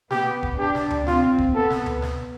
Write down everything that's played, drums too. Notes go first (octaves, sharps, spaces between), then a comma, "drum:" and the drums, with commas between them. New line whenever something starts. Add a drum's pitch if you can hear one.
B3 G4, drum: snare
drum: kick E1
D4 G4
drum: snare
drum: tom D2
C4 F4, drum: snare
drum: kick E1
B3 A4
drum: snare
drum: tom D2
drum: snare